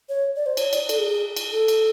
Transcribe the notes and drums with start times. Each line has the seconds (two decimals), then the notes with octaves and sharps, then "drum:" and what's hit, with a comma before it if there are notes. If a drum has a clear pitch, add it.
0.09 C#5
0.36 D5
0.46 C5
0.57 C#5, drum: cymbal
0.73 D5, drum: cymbal
0.89 A4, drum: cymbal
0.99 G#4
1.10 G#4
1.36 drum: cymbal
1.52 A4
1.68 drum: cymbal